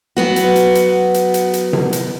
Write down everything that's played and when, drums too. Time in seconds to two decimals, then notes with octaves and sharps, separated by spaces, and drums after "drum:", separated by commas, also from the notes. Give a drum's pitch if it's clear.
0.17 F#3 B3 F#4
0.36 drum: hi-hat
0.56 drum: hi-hat
0.75 drum: hi-hat
1.14 drum: hi-hat
1.34 drum: hi-hat
1.53 drum: hi-hat
1.73 drum: tom C3
1.93 drum: hi-hat